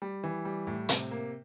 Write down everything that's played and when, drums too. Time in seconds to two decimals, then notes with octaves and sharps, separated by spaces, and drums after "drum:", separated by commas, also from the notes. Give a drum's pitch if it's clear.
0.02 G3
0.24 E3
0.45 G3
0.67 A2
0.89 C3, drum: hi-hat
1.11 A#3